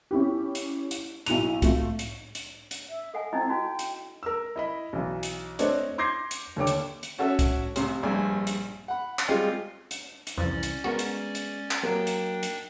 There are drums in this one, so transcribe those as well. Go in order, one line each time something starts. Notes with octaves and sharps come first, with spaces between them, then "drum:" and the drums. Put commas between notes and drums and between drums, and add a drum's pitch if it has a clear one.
C#4 E4 G4
drum: hi-hat
drum: hi-hat
B1 E4 D#7 F7, drum: hi-hat
A3 F4, drum: kick, hi-hat
drum: hi-hat
drum: hi-hat
drum: hi-hat
E5
A4 D#5 F#5 G#5
C4 D#4 E4 D#5
D#4 F#4 G5
drum: hi-hat
A#4 E6
E4 D#5 B5
B1 E3
drum: hi-hat
A3 C4 D4 C#5 D#5, drum: hi-hat
C6 D6 G6 G#6 A#6 C7
drum: hi-hat
D#2 D3 A4 C#5 G5 D6
drum: hi-hat
drum: hi-hat
C#4 F#4 A4 C#5 E5
drum: kick, hi-hat
A1 C3, drum: hi-hat
A#1 G2 G#5
drum: hi-hat
F#5 B5
drum: clap
G3 G#3 C4 F4 G#4 D#5
drum: hi-hat
drum: hi-hat
C2 F2 E3 C#4 D5
drum: hi-hat
G#3 B3 F#4 A#4
drum: hi-hat
drum: hi-hat
drum: clap
F#3 A#3 D4 G5
drum: hi-hat
drum: hi-hat